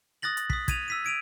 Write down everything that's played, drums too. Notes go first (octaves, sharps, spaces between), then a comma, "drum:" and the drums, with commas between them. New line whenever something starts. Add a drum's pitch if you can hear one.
D#6 F#6 A6 A#6 F#7
drum: hi-hat
D#6 B6, drum: kick
G#6 D#7 F7, drum: kick, hi-hat
E6 B6 D#7
G#6 D7 D#7 F7